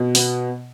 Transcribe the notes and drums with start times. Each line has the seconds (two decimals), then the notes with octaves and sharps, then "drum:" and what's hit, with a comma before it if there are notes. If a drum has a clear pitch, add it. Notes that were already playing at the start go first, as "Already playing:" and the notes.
Already playing: B2
0.15 B3, drum: open hi-hat